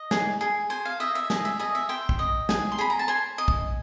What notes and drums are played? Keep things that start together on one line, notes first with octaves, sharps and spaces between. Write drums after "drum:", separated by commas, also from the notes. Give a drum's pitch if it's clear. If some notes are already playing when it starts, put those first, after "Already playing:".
Already playing: D#5
G#4, drum: snare
G#4
C5 G#5
F5
D#5 E5
E5
G#4 D#5, drum: snare
E5
G#4 D#5
E5
C5 G5
drum: kick
D#5
G#4, drum: snare
C6
G#4 B5
A#5
A5
C5 G#5
D#5
drum: kick